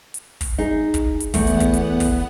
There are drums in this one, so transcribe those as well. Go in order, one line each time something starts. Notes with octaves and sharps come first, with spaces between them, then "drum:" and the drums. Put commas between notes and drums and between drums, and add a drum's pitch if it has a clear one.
drum: hi-hat
drum: kick, open hi-hat
D#4 G#4
drum: kick, hi-hat
drum: hi-hat
E2 A3 B3 F#5, drum: kick, open hi-hat
drum: hi-hat
drum: kick, hi-hat
drum: hi-hat
drum: kick, open hi-hat